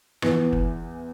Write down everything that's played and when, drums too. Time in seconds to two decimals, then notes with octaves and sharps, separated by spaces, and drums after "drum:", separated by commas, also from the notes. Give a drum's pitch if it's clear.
0.22 E2 E3 B3, drum: rim click
0.53 drum: kick